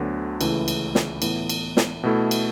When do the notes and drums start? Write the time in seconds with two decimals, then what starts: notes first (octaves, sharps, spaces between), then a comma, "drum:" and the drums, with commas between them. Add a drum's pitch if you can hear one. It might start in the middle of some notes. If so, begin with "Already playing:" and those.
Already playing: D2 D3 F#3 B3
0.41 C#2 C#3 E3 A3 E4, drum: cymbal
0.68 drum: cymbal
0.95 drum: snare
1.22 A2 E3 B3, drum: cymbal
1.49 drum: cymbal
1.77 drum: snare
2.03 B2 A3 E4 A4
2.31 drum: cymbal